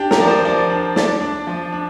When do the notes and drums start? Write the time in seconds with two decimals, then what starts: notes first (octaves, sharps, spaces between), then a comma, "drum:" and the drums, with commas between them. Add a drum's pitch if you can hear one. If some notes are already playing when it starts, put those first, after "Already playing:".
Already playing: D4 G4
0.11 A#4, drum: snare
0.20 F3 D5
0.27 C5
0.45 F3 D5
0.70 D4
0.96 D4 D5, drum: snare
1.21 D4
1.47 F3
1.72 D4